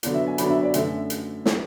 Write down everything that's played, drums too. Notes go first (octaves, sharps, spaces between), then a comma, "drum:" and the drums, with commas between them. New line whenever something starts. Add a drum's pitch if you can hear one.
D3 F#3 B3 D4, drum: hi-hat
E5
G#5
D3 F#3 B3 D4 B5, drum: hi-hat
E5
D5
F#2 D3 A3 E5, drum: hi-hat
drum: hi-hat
drum: snare